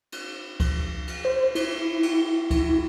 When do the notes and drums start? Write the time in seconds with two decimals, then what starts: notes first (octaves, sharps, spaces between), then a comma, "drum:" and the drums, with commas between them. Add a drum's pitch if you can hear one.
0.12 drum: cymbal
0.60 drum: kick C#2, cymbal
1.08 drum: cymbal
1.25 C5
1.55 E4, drum: cymbal
2.03 drum: cymbal
2.51 drum: kick C#2, cymbal